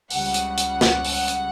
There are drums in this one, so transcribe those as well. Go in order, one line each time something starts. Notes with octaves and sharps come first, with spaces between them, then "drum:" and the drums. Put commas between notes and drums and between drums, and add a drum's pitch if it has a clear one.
C#2 C#3 G3 F#5, drum: open hi-hat
drum: hi-hat
drum: hi-hat
drum: snare
drum: open hi-hat
drum: hi-hat